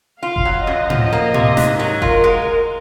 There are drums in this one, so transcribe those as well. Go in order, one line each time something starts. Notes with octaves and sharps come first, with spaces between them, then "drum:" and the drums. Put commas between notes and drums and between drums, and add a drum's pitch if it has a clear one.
F4 F5
drum: kick F1
F#3
F#2 D#5
F3, drum: tom A2
A#3
C3, drum: tom A2
G#2, drum: snare
F#3
F4 A#4, drum: kick F1
G#3